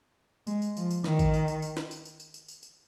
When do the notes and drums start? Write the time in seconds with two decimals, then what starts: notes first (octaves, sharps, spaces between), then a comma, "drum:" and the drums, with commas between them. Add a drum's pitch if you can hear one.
0.47 G#3, drum: tambourine
0.62 drum: tambourine
0.77 F3, drum: tambourine
0.91 drum: tambourine
1.04 D#3, drum: snare
1.19 drum: kick A1, tambourine
1.34 drum: tambourine
1.48 drum: tambourine
1.62 drum: tambourine
1.77 drum: snare
1.91 drum: tambourine
2.05 drum: tambourine
2.20 drum: tambourine
2.34 drum: tambourine
2.48 drum: tambourine
2.63 drum: tambourine